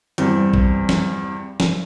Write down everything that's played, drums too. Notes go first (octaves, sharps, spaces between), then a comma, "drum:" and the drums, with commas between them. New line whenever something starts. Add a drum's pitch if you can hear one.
E2 G2 C4, drum: hi-hat
drum: kick A#1
drum: snare
drum: snare